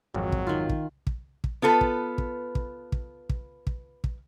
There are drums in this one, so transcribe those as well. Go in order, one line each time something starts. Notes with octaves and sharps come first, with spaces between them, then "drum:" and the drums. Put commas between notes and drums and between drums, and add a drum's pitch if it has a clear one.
G#1 F2 F#3
drum: kick
D#3 F4
drum: kick
drum: kick
drum: kick
B3 F4 A4 B4
drum: kick
drum: kick
drum: kick
drum: kick
drum: kick
drum: kick
drum: kick